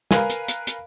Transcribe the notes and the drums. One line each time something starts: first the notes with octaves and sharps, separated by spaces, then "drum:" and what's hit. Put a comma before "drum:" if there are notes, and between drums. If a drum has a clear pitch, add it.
A#4 B4 F5 G#5, drum: snare
drum: hi-hat
drum: hi-hat
drum: hi-hat